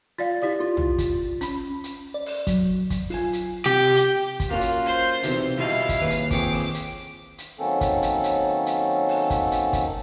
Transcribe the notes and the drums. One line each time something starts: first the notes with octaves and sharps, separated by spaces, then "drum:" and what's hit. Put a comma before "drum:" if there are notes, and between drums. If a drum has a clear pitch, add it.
F4 D5 F5 A6
E4 G4 D5
F4
drum: tom
drum: kick, hi-hat
C#4 B5, drum: hi-hat
drum: hi-hat
D5
drum: open hi-hat
F#3, drum: kick, hi-hat
drum: kick, hi-hat
F4 G#5, drum: open hi-hat
drum: hi-hat
C3 G4
drum: hi-hat
drum: kick, hi-hat
A#3 C#4 F4 F#4
drum: hi-hat
C5
B1 E2 C3, drum: hi-hat
B2 G3 E4 F4 D#5 F5
drum: open hi-hat
drum: kick, hi-hat
D#2 B4
drum: hi-hat
F2 G#4 G5 C#6 D6, drum: kick, hi-hat
drum: open hi-hat
drum: hi-hat
drum: hi-hat
D#3 F#3 A#3 C4 C#4 A4
drum: kick, hi-hat
drum: hi-hat
drum: hi-hat
drum: hi-hat
drum: open hi-hat
drum: kick, hi-hat
drum: hi-hat
drum: kick, hi-hat